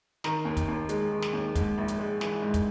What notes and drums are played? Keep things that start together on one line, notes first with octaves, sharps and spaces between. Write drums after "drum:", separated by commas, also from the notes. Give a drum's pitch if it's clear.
D#3 A#5, drum: snare
D#2
drum: kick, hi-hat
D#2
G#3, drum: hi-hat
D#3
drum: snare
D#2
G#2, drum: kick, hi-hat
A#1
drum: hi-hat
G#3
E3, drum: snare
G#2
drum: kick, hi-hat